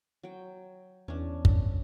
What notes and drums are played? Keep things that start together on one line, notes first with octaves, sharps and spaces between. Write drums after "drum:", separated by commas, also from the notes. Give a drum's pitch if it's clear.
F#3 G5
E2 C#4 D4
drum: kick